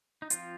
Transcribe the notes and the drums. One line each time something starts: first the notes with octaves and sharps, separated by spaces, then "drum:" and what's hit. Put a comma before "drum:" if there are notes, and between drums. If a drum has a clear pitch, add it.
D#4
F3 C4 F4, drum: hi-hat